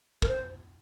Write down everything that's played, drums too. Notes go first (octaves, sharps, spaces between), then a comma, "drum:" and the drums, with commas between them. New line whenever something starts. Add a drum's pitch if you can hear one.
A#4, drum: kick
C5